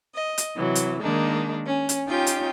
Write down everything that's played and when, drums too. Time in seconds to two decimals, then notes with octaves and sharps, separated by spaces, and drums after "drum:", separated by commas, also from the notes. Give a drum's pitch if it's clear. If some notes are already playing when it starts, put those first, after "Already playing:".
0.15 D#5
0.38 drum: hi-hat
0.57 C3 E3 F#3
0.75 drum: hi-hat
1.03 D#3 G#3 A#3 D4 D#4
1.66 C#4
1.89 drum: hi-hat
2.08 C#4 D#4 F4 G4 G5
2.27 drum: hi-hat